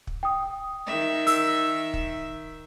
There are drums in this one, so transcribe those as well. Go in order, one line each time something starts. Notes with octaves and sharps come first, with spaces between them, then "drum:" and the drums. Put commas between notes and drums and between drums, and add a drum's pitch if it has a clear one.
drum: kick
G5 D#6
D#3 E5
E6, drum: open hi-hat
drum: kick